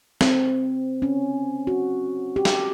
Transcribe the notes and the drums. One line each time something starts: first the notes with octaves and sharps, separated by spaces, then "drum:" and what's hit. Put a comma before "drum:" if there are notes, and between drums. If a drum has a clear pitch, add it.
C4, drum: snare
C#4
F#4
G4
drum: snare